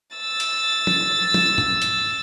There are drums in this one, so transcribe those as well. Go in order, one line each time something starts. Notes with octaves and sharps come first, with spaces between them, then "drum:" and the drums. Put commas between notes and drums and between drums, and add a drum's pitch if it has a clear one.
E6 A6
drum: hi-hat
drum: tom
drum: tom
drum: tom
drum: hi-hat